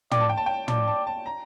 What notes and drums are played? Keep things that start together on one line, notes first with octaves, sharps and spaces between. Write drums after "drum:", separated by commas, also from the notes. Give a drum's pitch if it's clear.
D5 G5, drum: tom
A5
G5
A5
G5
D5 A5, drum: tom
A5
A5
A#5